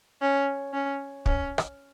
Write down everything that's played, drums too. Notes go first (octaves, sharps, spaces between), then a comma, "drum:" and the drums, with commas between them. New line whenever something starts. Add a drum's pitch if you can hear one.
C#4
C#4
C#4, drum: kick
drum: rim click